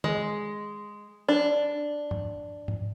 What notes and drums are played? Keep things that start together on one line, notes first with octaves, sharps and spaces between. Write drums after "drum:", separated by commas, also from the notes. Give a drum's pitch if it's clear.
G#3, drum: tom D#3
D4
drum: tom G2
drum: tom G#2